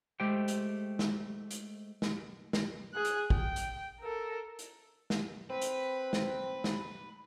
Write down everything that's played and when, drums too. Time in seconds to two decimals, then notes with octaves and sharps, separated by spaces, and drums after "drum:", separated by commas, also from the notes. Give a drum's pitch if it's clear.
0.20 G#3 A3 G4 C5 G5
0.48 drum: hi-hat
0.99 drum: snare
1.51 drum: hi-hat
2.02 drum: snare
2.53 drum: snare
2.93 G#4 F#6
3.05 drum: hi-hat
3.30 G5, drum: kick
3.56 drum: hi-hat
4.00 A4 A#4
4.59 drum: hi-hat
5.10 drum: snare
5.50 C4 B4
5.62 drum: hi-hat
6.13 drum: snare
6.64 drum: snare